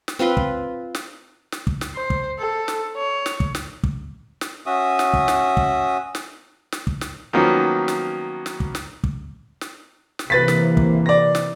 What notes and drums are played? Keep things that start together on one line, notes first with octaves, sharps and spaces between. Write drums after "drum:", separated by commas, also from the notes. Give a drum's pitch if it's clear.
drum: snare
C4 F4 B4 C6
drum: kick
drum: snare
drum: snare
drum: kick
drum: snare
C5
drum: kick
A4
drum: snare
C#5
drum: snare
drum: kick
drum: snare
drum: kick
drum: snare
C#4 F#4 E5 D#6
drum: snare
drum: kick
drum: snare
drum: kick
drum: snare
drum: snare
drum: kick
drum: snare
D#3 F3 F#3 A#3 B3 C#4
drum: snare
drum: snare
drum: kick
drum: snare
drum: kick
drum: snare
drum: snare
C3 E3 A#3 B4 A6 B6
drum: snare
drum: kick
D5 A#6
drum: snare